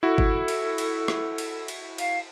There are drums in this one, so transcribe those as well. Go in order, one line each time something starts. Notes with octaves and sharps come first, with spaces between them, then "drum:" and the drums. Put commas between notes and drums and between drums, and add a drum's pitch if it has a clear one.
E4 F#4 A4
drum: kick
drum: cymbal
drum: cymbal
drum: rim click
drum: cymbal
drum: cymbal
F5, drum: cymbal